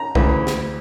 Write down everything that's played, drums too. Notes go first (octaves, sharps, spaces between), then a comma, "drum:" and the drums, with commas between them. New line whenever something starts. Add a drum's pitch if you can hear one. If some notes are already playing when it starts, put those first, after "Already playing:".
Already playing: A#5
D2 C#3 E3, drum: kick C2
drum: snare